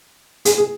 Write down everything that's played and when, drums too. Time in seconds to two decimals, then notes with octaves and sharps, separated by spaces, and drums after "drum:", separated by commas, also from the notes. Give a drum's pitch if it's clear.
0.45 G#4, drum: hi-hat
0.58 G#4